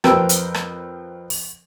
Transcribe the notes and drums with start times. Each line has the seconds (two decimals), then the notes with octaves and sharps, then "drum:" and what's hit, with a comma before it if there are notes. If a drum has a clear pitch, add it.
0.04 F2 C4 A#4 B4 G5 E6, drum: rim click
0.29 drum: hi-hat
0.54 drum: rim click
1.30 drum: open hi-hat